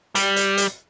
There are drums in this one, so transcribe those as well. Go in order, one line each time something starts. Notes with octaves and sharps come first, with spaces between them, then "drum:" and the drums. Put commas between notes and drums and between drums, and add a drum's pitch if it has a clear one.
G3, drum: hi-hat
drum: hi-hat
drum: hi-hat